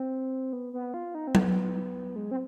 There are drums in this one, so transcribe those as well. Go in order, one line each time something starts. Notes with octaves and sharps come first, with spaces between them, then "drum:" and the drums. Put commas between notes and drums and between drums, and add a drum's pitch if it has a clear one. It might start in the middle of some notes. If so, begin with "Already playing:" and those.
Already playing: C4
B3
B3
F4
D#4
C4
B3, drum: tom F#3
G#3
C4